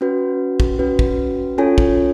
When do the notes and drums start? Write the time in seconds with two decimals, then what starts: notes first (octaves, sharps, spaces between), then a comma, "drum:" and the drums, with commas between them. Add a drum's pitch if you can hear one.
0.01 C#4 F#4 B4
0.60 drum: kick
0.79 C#4 F#4 B4
0.99 drum: kick
1.58 C#4 F4 A4 C#5 G#5
1.78 drum: kick